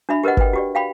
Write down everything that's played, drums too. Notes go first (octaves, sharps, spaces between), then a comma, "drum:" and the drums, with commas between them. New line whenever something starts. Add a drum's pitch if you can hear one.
D4 F#4 E5 B5
G4 A#4 B4 D#5 F#5
B4 G5, drum: kick G1
F#4 G4 D5
F5 G5 B5